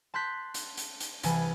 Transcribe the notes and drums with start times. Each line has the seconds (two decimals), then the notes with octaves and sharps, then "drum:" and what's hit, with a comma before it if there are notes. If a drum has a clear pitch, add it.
0.14 A5 C6 F#6 G6 B6
0.54 drum: hi-hat
0.77 drum: hi-hat
1.00 drum: hi-hat
1.23 C2 E3 G#5 A5, drum: hi-hat